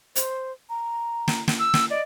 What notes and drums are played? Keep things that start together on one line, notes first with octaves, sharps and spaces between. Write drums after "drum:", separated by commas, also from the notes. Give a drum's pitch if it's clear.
C5, drum: hi-hat
A#5
drum: snare
drum: snare
E6
drum: snare
D5 D#5